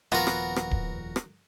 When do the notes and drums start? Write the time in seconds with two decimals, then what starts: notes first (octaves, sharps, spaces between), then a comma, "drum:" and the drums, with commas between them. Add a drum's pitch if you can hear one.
0.12 D#1 F3 B3 F4 F#4 A#4
0.27 drum: rim click
0.56 drum: rim click
0.71 drum: kick D1
1.16 drum: rim click